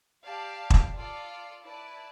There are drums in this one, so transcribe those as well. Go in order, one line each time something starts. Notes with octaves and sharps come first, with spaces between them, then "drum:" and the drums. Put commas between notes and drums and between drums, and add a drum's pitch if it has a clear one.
G4 D5 F5 A5
drum: kick
F4 A4 D5 F5
E4 B4 D5 A5